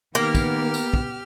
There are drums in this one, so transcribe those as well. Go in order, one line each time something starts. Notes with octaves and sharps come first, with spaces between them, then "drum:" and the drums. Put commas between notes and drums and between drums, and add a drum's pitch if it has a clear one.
D#3 A#3 B3 G4 A#4 F6
drum: kick, tambourine
drum: tambourine
drum: kick